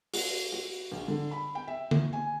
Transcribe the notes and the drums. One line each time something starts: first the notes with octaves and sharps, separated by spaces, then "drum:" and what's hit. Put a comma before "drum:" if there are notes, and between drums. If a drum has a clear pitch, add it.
F#4, drum: open hi-hat
F#4
A#1
D3
B5
G5
E5
drum: tom D3
G#5